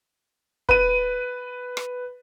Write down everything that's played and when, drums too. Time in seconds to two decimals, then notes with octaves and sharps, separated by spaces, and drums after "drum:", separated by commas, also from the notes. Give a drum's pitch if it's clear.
0.69 B4 D#7, drum: kick
1.77 drum: rim click